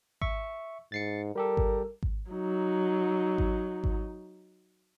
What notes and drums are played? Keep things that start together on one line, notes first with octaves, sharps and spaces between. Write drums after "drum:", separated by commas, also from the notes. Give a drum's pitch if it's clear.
E5 C#6, drum: kick G#1
G#2 A6 C7 C#7
G3 G4 A4 A#4
drum: kick G#1
drum: kick G#1
F#3 D#4
drum: kick G#1
drum: kick G#1